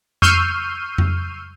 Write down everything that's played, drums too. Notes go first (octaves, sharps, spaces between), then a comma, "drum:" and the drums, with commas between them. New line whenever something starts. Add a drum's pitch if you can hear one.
C#6 E6 F6 G6 C7 D#7, drum: tom F2
drum: tom F2